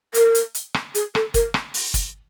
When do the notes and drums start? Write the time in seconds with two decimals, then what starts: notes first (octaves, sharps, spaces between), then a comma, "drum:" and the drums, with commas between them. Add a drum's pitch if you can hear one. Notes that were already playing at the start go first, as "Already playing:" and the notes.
0.14 A#4, drum: hi-hat
0.35 drum: hi-hat
0.55 drum: hi-hat
0.74 drum: rim click
0.95 G#4, drum: hi-hat
1.15 A4, drum: rim click
1.34 A#4, drum: kick, hi-hat
1.54 drum: rim click
1.74 drum: open hi-hat
1.94 drum: kick, hi-hat